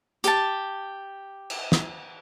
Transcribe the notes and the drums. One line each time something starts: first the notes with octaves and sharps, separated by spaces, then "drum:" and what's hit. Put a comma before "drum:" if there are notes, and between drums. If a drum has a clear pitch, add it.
G4 A5, drum: hi-hat
drum: cymbal
drum: snare